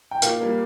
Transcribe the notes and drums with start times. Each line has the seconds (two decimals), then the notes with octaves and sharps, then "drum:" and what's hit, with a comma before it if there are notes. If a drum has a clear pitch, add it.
0.11 G5
0.22 A#2 F5, drum: hi-hat
0.40 G3 A#3